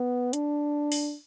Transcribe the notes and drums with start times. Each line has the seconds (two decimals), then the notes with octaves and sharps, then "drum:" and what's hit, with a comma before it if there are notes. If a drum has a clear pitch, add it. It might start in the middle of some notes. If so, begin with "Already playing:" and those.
Already playing: B3
0.33 D4, drum: hi-hat
0.92 drum: open hi-hat